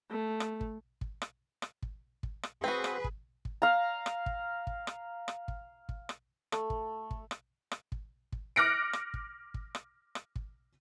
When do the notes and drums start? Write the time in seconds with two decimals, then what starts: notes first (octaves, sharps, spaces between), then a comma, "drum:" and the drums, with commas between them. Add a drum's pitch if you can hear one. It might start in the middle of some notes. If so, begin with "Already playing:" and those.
0.10 A3
0.40 drum: rim click
0.61 drum: kick
1.01 drum: kick
1.22 drum: rim click
1.62 drum: rim click
1.82 drum: kick
2.23 drum: kick
2.43 drum: rim click
2.64 C4 F#4 G#4 B4
2.84 drum: rim click
3.04 drum: kick
3.45 drum: kick
3.62 F5 A#5
4.06 drum: rim click
4.26 drum: kick
4.67 drum: kick
4.87 drum: rim click
5.28 drum: rim click
5.48 drum: kick
5.89 drum: kick
6.09 drum: rim click
6.52 A3, drum: rim click
6.70 drum: kick
7.11 drum: kick
7.31 drum: rim click
7.71 drum: rim click
7.92 drum: kick
8.32 drum: kick
8.56 D6 F6 F#6 A#6 C#7 D7
8.93 drum: rim click
9.14 drum: kick
9.54 drum: kick
9.75 drum: rim click
10.15 drum: rim click
10.36 drum: kick